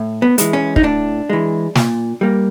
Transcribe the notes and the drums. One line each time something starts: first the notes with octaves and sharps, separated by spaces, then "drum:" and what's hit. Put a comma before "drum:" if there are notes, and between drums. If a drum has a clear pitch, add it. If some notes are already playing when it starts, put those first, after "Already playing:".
Already playing: A2
B3
E3 G#3, drum: hi-hat
C#4
D#4, drum: kick
A2 D4
E3 G#3
A#2, drum: snare
G3 A#3